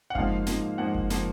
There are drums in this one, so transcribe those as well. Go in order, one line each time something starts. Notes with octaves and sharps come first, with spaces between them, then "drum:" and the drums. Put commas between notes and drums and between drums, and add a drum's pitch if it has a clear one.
F#5
G#2 F3 A#3 F5, drum: kick F#1
G#2 F3 A#3, drum: snare
G#2 F3 A#3 F#5
drum: kick F#1
F3 A#3, drum: snare